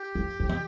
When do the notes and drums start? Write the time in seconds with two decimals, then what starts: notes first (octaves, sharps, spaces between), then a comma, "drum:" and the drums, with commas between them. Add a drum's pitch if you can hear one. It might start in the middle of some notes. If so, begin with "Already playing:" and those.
Already playing: G4
0.15 F2
0.40 F2
0.49 drum: tom